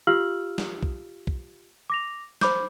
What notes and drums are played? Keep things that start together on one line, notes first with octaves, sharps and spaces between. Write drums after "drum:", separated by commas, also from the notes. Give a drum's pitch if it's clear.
F4 G4 F5 E6 F6 F#7
drum: snare
drum: kick B1
drum: kick B1
D6 A#6 F7
C5 B5 D6 G6, drum: snare